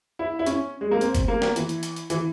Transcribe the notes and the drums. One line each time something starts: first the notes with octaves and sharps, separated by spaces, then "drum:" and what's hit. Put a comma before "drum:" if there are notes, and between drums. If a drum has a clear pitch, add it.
E4
E4
C#4, drum: hi-hat
G#3
A#3
C4, drum: hi-hat
drum: kick F#1, hi-hat
A#3
drum: snare
E3, drum: hi-hat
drum: hi-hat
drum: hi-hat
drum: hi-hat
E3, drum: hi-hat